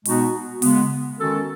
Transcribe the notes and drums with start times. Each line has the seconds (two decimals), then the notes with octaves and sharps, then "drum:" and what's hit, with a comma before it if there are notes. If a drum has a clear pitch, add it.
0.05 B2 G#3 B3 D#4 F#4, drum: open hi-hat
0.62 C#3 G#3 B3, drum: open hi-hat
1.18 D#3 G#3 C#4 F#4 A4